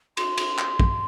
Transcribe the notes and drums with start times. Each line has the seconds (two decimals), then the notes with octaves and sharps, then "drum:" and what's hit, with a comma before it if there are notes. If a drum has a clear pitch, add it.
0.17 C6, drum: cymbal
0.37 drum: cymbal
0.59 drum: clap
0.80 drum: kick